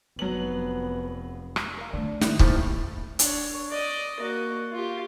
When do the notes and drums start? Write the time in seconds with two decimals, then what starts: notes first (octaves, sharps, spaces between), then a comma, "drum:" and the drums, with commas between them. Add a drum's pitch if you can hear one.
0.19 F1 F#3 B3 F#7
1.56 drum: rim click
1.78 A#4 F5
1.93 D3 A3 D4 A5
2.21 G#2 D#3 E4, drum: snare
2.39 C3 F3 A3 A#3 E4, drum: kick
3.19 D4 C#5, drum: hi-hat
3.70 D5 D#5
4.20 A#3 F#4
4.73 F4 G4